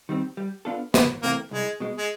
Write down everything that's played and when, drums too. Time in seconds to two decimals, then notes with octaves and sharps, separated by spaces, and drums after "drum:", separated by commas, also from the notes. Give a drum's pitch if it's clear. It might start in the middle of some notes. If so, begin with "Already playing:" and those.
0.09 D#3 G3 C4
0.37 G3
0.65 B3 D4 F4 A4
0.94 C#2 B3, drum: snare
1.23 C3 E3 A3 A#3 C4
1.51 C2 G#3
1.80 B2 G#3
1.97 G#3